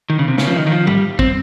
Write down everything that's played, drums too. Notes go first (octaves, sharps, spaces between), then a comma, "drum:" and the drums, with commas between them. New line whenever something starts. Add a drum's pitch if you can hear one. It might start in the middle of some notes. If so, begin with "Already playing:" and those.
D#3
C#3
C3
C#3, drum: snare
F3
D#3
D#3
F3
G3, drum: tom
C4, drum: kick